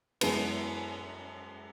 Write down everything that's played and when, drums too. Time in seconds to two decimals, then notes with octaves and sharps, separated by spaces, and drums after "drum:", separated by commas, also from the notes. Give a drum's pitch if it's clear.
0.21 F#2 E3 G#3 B3, drum: cymbal